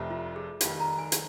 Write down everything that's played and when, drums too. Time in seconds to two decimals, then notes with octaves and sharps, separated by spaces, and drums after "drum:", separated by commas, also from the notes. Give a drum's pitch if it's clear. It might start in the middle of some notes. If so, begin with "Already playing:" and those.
Already playing: F1 F2 C3
0.10 F4
0.36 G#4
0.61 F1 F2 D#3 G3 F5, drum: hi-hat
0.80 A#5
0.99 G#5
1.12 drum: hi-hat